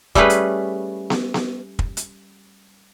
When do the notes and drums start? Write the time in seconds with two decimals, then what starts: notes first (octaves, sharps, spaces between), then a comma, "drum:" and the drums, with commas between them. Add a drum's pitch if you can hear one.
0.15 G3 A3 C#4 G#4 B4, drum: kick
0.30 drum: hi-hat
1.10 drum: snare B3
1.34 drum: snare B3
1.79 drum: kick
1.97 drum: hi-hat